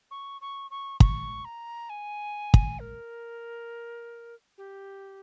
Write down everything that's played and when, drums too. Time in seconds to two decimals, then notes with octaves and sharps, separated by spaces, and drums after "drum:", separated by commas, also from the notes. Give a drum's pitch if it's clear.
0.11 C#6
0.41 C#6
0.71 C#6
1.00 C#6, drum: kick
1.45 A#5
1.89 G#5
2.54 drum: kick
2.79 A#4
4.58 G4